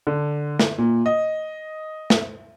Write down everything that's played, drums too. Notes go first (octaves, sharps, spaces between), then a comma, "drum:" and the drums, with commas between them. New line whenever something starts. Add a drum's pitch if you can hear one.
D3
drum: snare
A#2
D#5
drum: snare